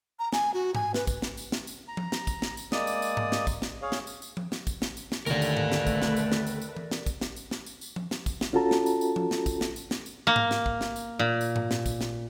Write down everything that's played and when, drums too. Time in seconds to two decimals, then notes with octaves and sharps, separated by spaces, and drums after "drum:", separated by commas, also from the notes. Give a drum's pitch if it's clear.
0.19 A#5
0.33 G#5, drum: snare
0.54 F#4
0.75 G#5, drum: tom G#2
0.94 B4, drum: snare
1.07 drum: kick, tambourine
1.22 drum: snare
1.37 drum: tambourine
1.52 drum: snare
1.67 drum: tambourine
1.88 A#5
1.97 drum: tom F3
2.12 drum: snare
2.27 drum: kick, tambourine
2.42 drum: snare
2.57 drum: tambourine
2.72 G#3 A#3 D5 D#6, drum: snare
2.87 drum: tambourine
3.02 drum: tambourine
3.17 drum: tom G#2
3.32 drum: snare
3.47 drum: kick, tambourine
3.62 drum: snare
3.82 G#4 C#5 F5
3.92 drum: snare
4.07 drum: tambourine
4.22 drum: tambourine
4.37 drum: tom F3
4.52 drum: snare
4.67 drum: kick, tambourine
4.82 drum: snare
4.97 drum: tambourine
5.12 drum: snare
5.26 D#2 D3 A3 A#4 B4 D5, drum: tambourine
5.42 drum: tambourine
5.57 drum: tom G#2
5.72 drum: snare
5.87 drum: kick, tambourine
6.02 drum: snare
6.17 drum: tambourine
6.32 drum: snare
6.47 drum: tambourine
6.62 drum: tambourine
6.76 drum: tom E3
6.91 drum: snare
7.06 drum: kick, tambourine
7.21 drum: snare
7.36 drum: tambourine
7.51 drum: snare
7.66 drum: tambourine
7.81 drum: tambourine
7.96 drum: tom F3
8.11 drum: snare
8.26 drum: kick, tambourine
8.41 drum: snare
8.53 C#4 F4 F#4 A4 A5 A#5
8.71 drum: snare
8.86 drum: tambourine
9.01 drum: tambourine
9.16 drum: tom F3
9.31 drum: snare
9.46 drum: kick, tambourine
9.61 drum: snare
9.76 drum: tambourine
9.91 drum: snare
10.06 drum: tambourine
10.27 A#3
10.36 drum: tom G#2
10.51 drum: snare
10.66 drum: kick
10.81 drum: snare
10.96 drum: tambourine
11.19 A#2
11.41 drum: tambourine
11.56 drum: tom G#2
11.71 drum: snare
11.86 drum: kick, tambourine
12.01 drum: snare